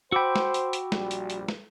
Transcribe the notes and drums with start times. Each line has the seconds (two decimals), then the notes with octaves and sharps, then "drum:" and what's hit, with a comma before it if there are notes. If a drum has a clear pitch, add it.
0.12 F#4 C5 G5 B5 D6 E6
0.36 drum: snare
0.54 drum: hi-hat
0.73 drum: hi-hat
0.92 A#1 G3, drum: snare
1.11 drum: hi-hat
1.30 drum: hi-hat
1.48 drum: snare